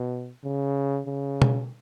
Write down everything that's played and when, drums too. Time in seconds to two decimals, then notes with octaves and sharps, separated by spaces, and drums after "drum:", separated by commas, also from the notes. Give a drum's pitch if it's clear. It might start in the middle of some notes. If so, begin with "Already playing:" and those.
Already playing: B2
0.44 C#3
1.06 C#3
1.42 drum: tom B2